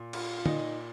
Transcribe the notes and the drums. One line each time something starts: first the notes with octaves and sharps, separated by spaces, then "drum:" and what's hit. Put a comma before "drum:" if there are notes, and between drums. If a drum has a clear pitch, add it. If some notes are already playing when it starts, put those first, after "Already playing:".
Already playing: A#2
F4, drum: cymbal
F4
A#2 D#4, drum: tom